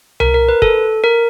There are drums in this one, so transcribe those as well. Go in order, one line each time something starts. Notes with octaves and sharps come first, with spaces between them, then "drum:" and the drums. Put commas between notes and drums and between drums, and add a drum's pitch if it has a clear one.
A#4, drum: tom C2
A#4
B4
A4, drum: kick
A#4